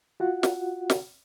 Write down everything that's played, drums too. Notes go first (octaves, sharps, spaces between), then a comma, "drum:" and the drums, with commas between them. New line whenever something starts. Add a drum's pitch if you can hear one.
F4 F#4 F#5
drum: snare
drum: snare